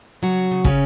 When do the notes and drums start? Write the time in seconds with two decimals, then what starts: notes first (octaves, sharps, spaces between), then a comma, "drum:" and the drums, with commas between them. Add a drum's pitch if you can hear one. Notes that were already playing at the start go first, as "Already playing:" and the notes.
0.22 C#3 F#3 F#4
0.51 C#3
0.65 C#3 C#4, drum: kick